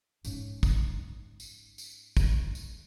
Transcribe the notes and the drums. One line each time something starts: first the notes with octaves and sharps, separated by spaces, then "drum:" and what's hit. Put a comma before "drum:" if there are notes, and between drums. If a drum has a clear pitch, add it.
G#2 C#4, drum: tambourine
drum: kick, tambourine
drum: tambourine
drum: tambourine
drum: kick, tambourine
drum: tambourine